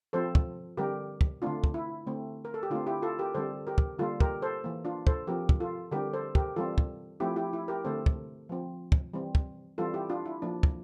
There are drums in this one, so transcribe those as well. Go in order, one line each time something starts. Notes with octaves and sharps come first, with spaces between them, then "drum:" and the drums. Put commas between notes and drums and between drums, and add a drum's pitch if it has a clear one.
F3 C4 A4 C5
drum: kick
D3 G3 C4 G4 A#4
drum: kick
D3 A3 C4 D4 F4
drum: kick
E4
D3 A3 C4
A#4
A4
G4
D3 A3 C4 D4 F4
E4 G4
F4 A4
G4 A#4
D3 G3 C4 A4 C5
G4 A#4
drum: kick
D3 G3 A#3 F4 A4
G4 A#4, drum: kick
A4 C5
E3 A#3
D4 F4
A4 C5, drum: kick
F3 C4 G4 A#4
drum: kick
F4 A4
D3 G3 C4 G4 A#4
A4 C5
G4 A#4, drum: kick
E3 G3 C4 F4 A4
drum: kick
F3 A3 C4 E4 G4
E4 G4
E4
G4 A#4
D3 A3 C4 A4 C5
drum: kick
F3 C4
drum: kick
E3 G3 C4
drum: kick
E3 G3 C4 F4 A4
E4 G4
D4 F4
E4
F3 A#3 D4
drum: kick